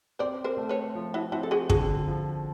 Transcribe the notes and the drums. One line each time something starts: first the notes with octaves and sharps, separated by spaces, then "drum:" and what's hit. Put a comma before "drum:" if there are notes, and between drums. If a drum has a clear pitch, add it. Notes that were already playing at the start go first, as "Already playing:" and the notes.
C4 C5 D5
A#4 C5
A3
B4 C#5
F3
E4 F#4
C4 E4 F#4
A4
F#4 G#4
D3 F#4 G#4, drum: kick
F3